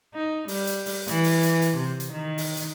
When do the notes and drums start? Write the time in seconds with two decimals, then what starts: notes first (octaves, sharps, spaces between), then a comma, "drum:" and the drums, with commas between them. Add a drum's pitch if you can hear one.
0.14 D#4
0.48 G3, drum: open hi-hat
0.67 drum: hi-hat
0.86 drum: open hi-hat
1.08 E3, drum: hi-hat
1.24 drum: open hi-hat
1.43 drum: hi-hat
1.62 drum: hi-hat
1.77 C3
2.00 drum: hi-hat
2.13 D#3
2.38 drum: open hi-hat
2.57 drum: hi-hat